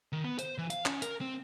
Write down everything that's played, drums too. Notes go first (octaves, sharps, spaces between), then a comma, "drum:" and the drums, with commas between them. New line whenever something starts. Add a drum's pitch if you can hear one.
D#3
B3
C5, drum: hi-hat
E3
F5, drum: hi-hat
C#4, drum: clap
A#4, drum: hi-hat
C4